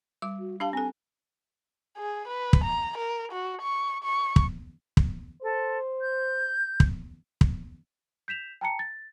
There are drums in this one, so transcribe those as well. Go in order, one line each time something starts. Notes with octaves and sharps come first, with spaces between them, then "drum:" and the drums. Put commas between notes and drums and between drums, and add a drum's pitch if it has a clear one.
G3 D6
F#4
D4 G4 F5 A5
C4 A4 G#5
G#4
B4
drum: kick
A#5
A#4
F#4
C#6
C#6
drum: kick
drum: kick
A4 C5
G6
drum: kick
drum: kick
G6 B6 E7 F7
G5 A5 A#5 C#7
A6